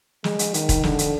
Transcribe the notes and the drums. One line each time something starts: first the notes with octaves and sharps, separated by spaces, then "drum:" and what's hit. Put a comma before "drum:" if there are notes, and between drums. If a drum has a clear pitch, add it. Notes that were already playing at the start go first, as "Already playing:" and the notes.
G#3, drum: snare
drum: hi-hat
D#3, drum: hi-hat
drum: kick E1, hi-hat
D3, drum: snare
drum: hi-hat